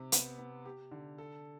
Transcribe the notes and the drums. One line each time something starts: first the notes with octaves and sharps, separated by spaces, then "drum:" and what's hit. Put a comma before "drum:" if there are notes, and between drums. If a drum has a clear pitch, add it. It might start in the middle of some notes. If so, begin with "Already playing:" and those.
Already playing: C3
B3, drum: hi-hat
B3
G4
D3
A4